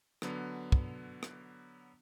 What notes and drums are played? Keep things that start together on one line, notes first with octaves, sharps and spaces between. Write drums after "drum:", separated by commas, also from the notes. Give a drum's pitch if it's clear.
D3 F#3 B3, drum: rim click
drum: kick
drum: rim click